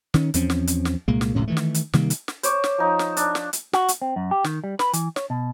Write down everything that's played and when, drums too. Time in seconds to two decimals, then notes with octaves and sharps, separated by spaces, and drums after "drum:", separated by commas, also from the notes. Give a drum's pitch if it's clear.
0.14 D#3 C#4, drum: snare
0.34 E2 F3 C4 C#4, drum: hi-hat
0.50 drum: snare
0.67 drum: hi-hat
0.85 drum: snare
1.08 C2 A#2 G#3 A#3
1.21 drum: snare
1.35 F1 C#2 A2 C#4
1.48 D#3 E3 A3
1.57 drum: snare
1.74 drum: hi-hat
1.93 C3 D#3 G3 A#3, drum: snare
2.10 drum: hi-hat
2.28 drum: snare
2.43 C5 C#5 D6, drum: hi-hat
2.64 drum: snare
2.78 F3 D#4
2.99 drum: snare
3.17 D4, drum: hi-hat
3.35 drum: snare
3.53 drum: hi-hat
3.73 F#4, drum: snare
3.88 drum: hi-hat
4.02 C4
4.16 F#2
4.31 G4
4.44 D#3, drum: snare
4.64 G3
4.79 B4, drum: snare
4.93 E3, drum: hi-hat
5.16 C#5, drum: snare
5.30 B2